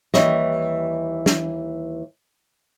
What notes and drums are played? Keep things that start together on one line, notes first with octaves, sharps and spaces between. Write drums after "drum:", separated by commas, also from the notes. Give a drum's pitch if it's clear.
D#2 E3 G3 C#5 D#5, drum: snare
drum: snare